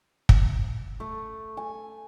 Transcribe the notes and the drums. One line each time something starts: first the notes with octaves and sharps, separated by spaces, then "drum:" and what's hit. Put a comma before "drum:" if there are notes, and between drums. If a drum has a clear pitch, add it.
drum: kick
A3
G#5